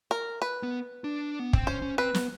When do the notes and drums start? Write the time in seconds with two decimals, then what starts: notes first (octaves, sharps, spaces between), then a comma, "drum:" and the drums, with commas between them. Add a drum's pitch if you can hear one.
0.11 A#4
0.42 B4
0.63 B3
1.04 D4
1.39 B3
1.53 C4, drum: kick
1.67 C#4 C5
1.82 C#4
1.98 C4 B4
2.14 B3, drum: snare